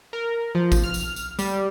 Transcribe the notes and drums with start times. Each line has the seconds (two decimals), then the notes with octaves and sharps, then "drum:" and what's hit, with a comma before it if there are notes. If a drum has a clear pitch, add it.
0.13 A#4
0.55 F3
0.72 drum: kick, tambourine
0.84 F6
0.94 drum: tambourine
1.16 drum: tambourine
1.39 G3, drum: tambourine